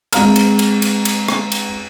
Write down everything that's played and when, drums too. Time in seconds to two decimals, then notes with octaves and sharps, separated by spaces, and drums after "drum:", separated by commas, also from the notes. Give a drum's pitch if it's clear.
0.13 G#3 C4 F5 A#5 F6, drum: cymbal
0.36 drum: cymbal
0.59 drum: cymbal
0.82 drum: cymbal
1.05 drum: cymbal
1.28 drum: rim click
1.52 drum: cymbal